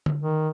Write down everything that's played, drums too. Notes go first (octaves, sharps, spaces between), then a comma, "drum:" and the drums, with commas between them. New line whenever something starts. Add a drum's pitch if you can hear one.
drum: tom D3
D#3